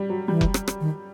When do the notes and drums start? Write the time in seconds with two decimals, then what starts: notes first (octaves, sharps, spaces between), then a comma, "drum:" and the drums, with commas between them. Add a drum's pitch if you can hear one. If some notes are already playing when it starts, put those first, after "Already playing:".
Already playing: G3
0.10 F#3
0.28 E3 G3
0.41 drum: kick F1
0.54 drum: rim click
0.68 drum: rim click
0.80 D#3